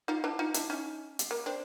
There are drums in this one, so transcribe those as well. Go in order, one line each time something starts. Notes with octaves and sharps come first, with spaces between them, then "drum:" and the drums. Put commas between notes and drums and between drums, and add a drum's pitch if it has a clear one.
D#4 F4
D4 E4
D#4 F4
D4 E4, drum: hi-hat
C#4 D#4
drum: hi-hat
A#3
C4 D4